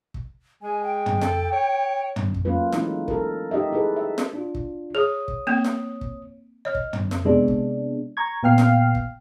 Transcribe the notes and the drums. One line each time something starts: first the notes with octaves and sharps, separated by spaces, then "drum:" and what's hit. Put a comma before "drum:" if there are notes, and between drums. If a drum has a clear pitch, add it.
drum: kick
G#3 G#5
G5
drum: tom
A4, drum: snare
C#5
drum: tom
drum: kick
F#3 A3 A#3 C#4 F4 B4
E3 G#3 A3 C#4 D#4 E4, drum: snare
A4 A#4, drum: kick
D#4 G4 D#5 E5
E4 G#4 A4 B4
E5
drum: snare
D4 F4
drum: kick
G#4 C#5 D#6
drum: kick
A#3 C4
drum: snare
drum: kick
C#5 D#5 F6
drum: kick
drum: tom
drum: snare
C3 G#3 B3 D4
drum: kick
A#5 C#6 G#6
A#2 B3 F5 G5 F6 C7
drum: snare
drum: kick